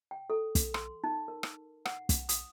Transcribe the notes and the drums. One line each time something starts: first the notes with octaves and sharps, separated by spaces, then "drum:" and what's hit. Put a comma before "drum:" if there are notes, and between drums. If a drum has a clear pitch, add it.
G5
A4
drum: kick, hi-hat
C6, drum: rim click
D#4
A#4
drum: rim click
F#5, drum: rim click
drum: kick, hi-hat
D#6, drum: hi-hat